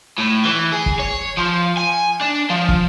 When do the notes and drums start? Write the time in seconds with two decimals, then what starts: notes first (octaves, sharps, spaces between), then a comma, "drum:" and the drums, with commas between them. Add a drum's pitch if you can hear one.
0.18 A2
0.45 E3
0.72 G#4
0.86 drum: kick
0.99 C#5
1.38 F3
1.77 G#5
2.21 D4
2.50 F3
2.69 drum: kick